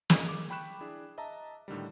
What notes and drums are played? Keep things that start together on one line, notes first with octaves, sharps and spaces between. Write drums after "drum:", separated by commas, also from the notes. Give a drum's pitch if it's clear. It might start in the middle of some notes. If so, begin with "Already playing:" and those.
G2 C#3 D#5 G#5, drum: snare
G#4 D6
G5 B5 C#6 F#6 E7
D4 E4 G#4
D#5 E5 A5 A#5
A2 D3 D#3 G3